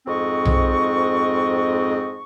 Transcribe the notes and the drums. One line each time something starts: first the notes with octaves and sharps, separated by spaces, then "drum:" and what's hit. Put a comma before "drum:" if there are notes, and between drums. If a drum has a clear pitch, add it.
F2 G#2 C4 D#5 C#6
drum: tom B1